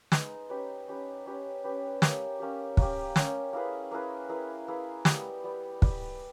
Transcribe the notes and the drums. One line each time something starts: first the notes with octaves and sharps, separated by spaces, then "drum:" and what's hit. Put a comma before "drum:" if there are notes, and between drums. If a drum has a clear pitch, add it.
G#3 B3 D#4 G#4, drum: snare
C#4 G4 B4
C#4 G4 B4
C#4 G4 B4
C#4 G4 B4
A#3 C#4 G4, drum: snare
A#3 C#4 G4
A#3 C#4 G4, drum: kick
A#3 C#4 G4, drum: snare
A#3 E4 G#4 B4
A#3 E4 G#4 B4
A#3 E4 G#4 B4
A#3 E4 G#4 B4
G3 B3 G4, drum: snare
G3 B3 G4
G3 B3 G4, drum: kick